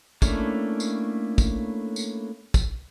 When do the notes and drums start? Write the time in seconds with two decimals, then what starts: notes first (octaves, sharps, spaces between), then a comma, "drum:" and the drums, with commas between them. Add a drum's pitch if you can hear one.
0.22 A3 A#3 C#4 D4 E4, drum: kick, tambourine
0.80 drum: tambourine
1.38 drum: kick, tambourine
1.96 drum: tambourine
2.54 drum: kick, tambourine